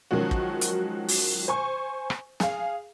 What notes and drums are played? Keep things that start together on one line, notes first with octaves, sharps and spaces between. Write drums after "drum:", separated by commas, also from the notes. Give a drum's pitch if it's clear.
D#3 F3 F#3 G#3 C#4 F#4
drum: kick
drum: hi-hat
drum: open hi-hat
C5 G#5 C#6
drum: rim click
G#4 F5, drum: snare